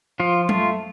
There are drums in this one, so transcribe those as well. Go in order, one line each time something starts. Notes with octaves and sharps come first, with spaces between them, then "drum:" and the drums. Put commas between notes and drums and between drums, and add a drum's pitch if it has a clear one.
F3 F4
A3 F4, drum: tom F#3